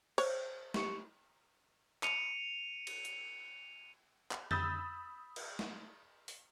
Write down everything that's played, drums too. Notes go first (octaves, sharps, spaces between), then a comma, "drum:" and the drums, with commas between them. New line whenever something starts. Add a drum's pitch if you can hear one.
C5 C#5, drum: cymbal
G4 C#6 C#7, drum: snare
C#7 D#7 F7, drum: clap
drum: cymbal
drum: hi-hat
drum: clap
B5 D#6 E6 G6 A6, drum: tom F2
drum: cymbal
drum: snare
drum: open hi-hat